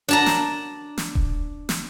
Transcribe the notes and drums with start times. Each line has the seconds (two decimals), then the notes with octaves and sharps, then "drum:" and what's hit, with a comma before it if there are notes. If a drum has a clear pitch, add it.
0.09 D4 A5 A#5
0.26 drum: snare
0.98 drum: snare
1.15 drum: kick D#1
1.69 drum: snare